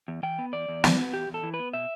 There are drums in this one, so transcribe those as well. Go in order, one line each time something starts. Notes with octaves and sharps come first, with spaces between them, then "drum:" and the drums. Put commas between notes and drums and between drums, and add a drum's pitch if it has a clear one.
E2
E3 G5
B3
E2 D5
E2
E3, drum: snare
B3
E2 G4
E2 A4
E3
B4
B3
B2 E5